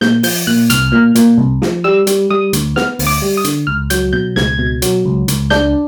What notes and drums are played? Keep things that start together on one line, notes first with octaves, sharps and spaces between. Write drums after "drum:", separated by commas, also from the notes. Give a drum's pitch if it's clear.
A#2 G6, drum: snare
F3 G6, drum: open hi-hat
A#2 F#6
C2 F6, drum: hi-hat
A#2
A#2, drum: hi-hat
C2
F3, drum: snare
G3 E6
G3, drum: hi-hat
G3 D#6
D2, drum: hi-hat
B3 F6, drum: snare
D2, drum: open hi-hat
D6
G3
D#6
D3, drum: hi-hat
C#2 F6
F#3 G6, drum: hi-hat
B2 G6
C#2 G#6, drum: snare
B2
F#3, drum: hi-hat
C#2
C#2, drum: hi-hat
D4 G6, drum: snare